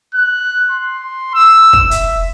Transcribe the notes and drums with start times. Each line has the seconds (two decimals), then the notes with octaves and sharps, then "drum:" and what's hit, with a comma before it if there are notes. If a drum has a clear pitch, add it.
0.14 F#6
0.71 C6
1.34 E6
1.73 drum: kick
1.91 E5, drum: hi-hat